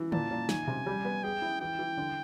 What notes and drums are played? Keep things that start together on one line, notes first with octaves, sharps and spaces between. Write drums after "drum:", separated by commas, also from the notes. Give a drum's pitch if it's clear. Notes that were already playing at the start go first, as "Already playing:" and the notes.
Already playing: E3
A#2 A5, drum: tom D3
A#2
D#3 G#5, drum: snare
C3
G3
B3
G#4 G5
E4
E3 G5
E3
D3